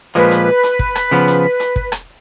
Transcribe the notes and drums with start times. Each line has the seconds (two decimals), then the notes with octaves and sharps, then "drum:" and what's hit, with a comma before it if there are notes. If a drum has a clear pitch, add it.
0.15 A#2 F3 G#3 B4
0.31 drum: hi-hat
0.63 drum: hi-hat
0.79 drum: kick
0.95 drum: rim click
1.11 C#3 F3 B3
1.28 drum: hi-hat
1.60 drum: hi-hat
1.76 drum: kick
1.92 drum: rim click